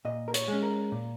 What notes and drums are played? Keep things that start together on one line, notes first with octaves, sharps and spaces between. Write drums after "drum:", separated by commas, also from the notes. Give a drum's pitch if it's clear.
A#2 D#5
A#4
C#5, drum: hi-hat
G#3 C#4
A#4
A#2